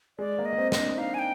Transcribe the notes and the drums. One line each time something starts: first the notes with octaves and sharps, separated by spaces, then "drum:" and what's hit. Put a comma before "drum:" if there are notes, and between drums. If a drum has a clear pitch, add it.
G#3 D5
A#3
D#5
A#3
C4
C4 D#5, drum: snare
D4
D#4 F5
G#5
G5